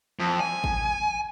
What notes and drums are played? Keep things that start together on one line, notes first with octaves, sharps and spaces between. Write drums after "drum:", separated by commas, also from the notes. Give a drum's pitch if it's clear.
F2
G#5
drum: kick